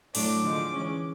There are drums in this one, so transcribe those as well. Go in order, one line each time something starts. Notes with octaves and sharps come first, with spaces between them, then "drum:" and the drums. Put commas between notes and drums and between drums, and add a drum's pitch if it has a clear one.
A2 F#3 A3 D4 D6, drum: open hi-hat
D3 F3 G#3
E3 G#3 C#4